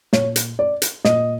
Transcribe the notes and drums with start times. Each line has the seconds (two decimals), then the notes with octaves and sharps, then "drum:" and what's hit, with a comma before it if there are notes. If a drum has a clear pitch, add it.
0.13 A#2 C#5, drum: snare
0.36 drum: hi-hat
0.59 D5
0.82 drum: hi-hat
1.05 A#2 D#5, drum: snare